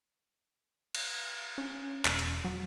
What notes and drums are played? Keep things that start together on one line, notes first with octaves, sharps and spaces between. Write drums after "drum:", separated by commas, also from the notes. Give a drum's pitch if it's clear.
drum: cymbal
C#4
E1, drum: clap
drum: hi-hat
F#3